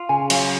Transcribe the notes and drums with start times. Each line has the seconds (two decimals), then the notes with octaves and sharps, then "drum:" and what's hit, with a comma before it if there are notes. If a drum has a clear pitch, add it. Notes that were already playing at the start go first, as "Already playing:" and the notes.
Already playing: F4
0.09 C#3 G#5
0.30 F#3 F5, drum: cymbal